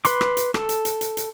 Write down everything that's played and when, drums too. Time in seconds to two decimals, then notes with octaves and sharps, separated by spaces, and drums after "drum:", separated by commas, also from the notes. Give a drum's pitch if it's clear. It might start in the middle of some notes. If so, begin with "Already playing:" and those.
0.05 B4 B5 C6 D6, drum: hi-hat
0.21 drum: rim click
0.37 drum: hi-hat
0.54 A4, drum: rim click
0.69 drum: hi-hat
0.85 drum: hi-hat
1.01 drum: hi-hat
1.17 drum: hi-hat